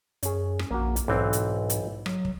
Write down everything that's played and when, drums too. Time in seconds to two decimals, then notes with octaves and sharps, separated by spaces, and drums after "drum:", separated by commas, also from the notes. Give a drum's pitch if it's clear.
0.23 F#2 C#4 G#4, drum: hi-hat
0.59 drum: rim click
0.71 A#1 A#3 F#4
0.96 drum: hi-hat
1.08 B1 G#2 E3 C4
1.33 drum: hi-hat
1.70 drum: hi-hat
2.06 F#3, drum: rim click
2.25 drum: kick